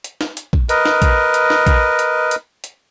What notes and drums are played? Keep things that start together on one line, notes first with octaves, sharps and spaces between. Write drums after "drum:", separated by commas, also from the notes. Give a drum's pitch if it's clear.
drum: hi-hat
drum: snare
drum: hi-hat
drum: kick A#1
A#4 B4 D#5, drum: hi-hat
drum: snare
drum: kick A#1, hi-hat
drum: hi-hat
drum: snare
drum: kick A#1, hi-hat
drum: hi-hat
drum: hi-hat
drum: hi-hat